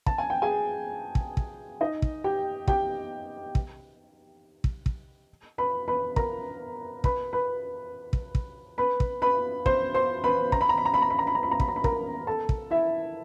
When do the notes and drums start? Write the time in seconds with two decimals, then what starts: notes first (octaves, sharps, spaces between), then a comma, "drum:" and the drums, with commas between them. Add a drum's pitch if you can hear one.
0.06 A5, drum: kick
0.18 G#5
0.30 G5
0.42 G#4 G#5
1.15 drum: kick
1.37 drum: kick
1.81 D#4 D#5
2.02 drum: kick
2.24 G4 G5
2.68 G4 G5, drum: kick
3.55 drum: kick
4.64 drum: kick
4.86 drum: kick
5.58 B4 B5
5.88 B4 B5
6.16 A#4 A#5, drum: kick
7.04 B4 B5, drum: kick
7.33 B4 B5
8.13 drum: kick
8.35 drum: kick
8.78 B4 B5
9.00 drum: kick
9.22 B4 B5
9.66 C5 C6, drum: kick
9.94 C5 C6
10.24 B4 B5
10.52 A#5, drum: kick
10.61 B5
10.69 A#5
10.78 B5
10.85 A#5
10.94 B5
11.02 A#5
11.10 B5
11.19 A#5
11.27 B5
11.35 A#5
11.43 B5
11.51 A#5
11.60 B5, drum: kick
11.68 A#5
11.76 B5
11.84 A#4 A#5, drum: kick
12.27 A4 A5
12.49 drum: kick
12.71 E4 E5